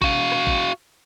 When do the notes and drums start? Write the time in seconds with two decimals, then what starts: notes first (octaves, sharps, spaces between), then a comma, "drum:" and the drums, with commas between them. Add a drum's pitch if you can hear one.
0.02 F#4 F5, drum: kick A1
0.32 drum: rim click
0.47 drum: kick A1